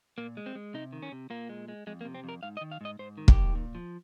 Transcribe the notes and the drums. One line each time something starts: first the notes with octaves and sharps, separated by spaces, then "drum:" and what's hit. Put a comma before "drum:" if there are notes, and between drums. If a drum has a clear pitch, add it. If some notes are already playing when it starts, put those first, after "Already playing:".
A#2 A#3
G#3
C4
G#3
C3 D#4
D#3
C#4
C3
A#2 A#3
G#3
G#3
F2 G#3
A#3
C3
C4
F2 A#4
G#2 F5
D#5
D#3
F5
G#2 D#5
G#2 C5
D#3
G4, drum: kick
G#2
A#2
F3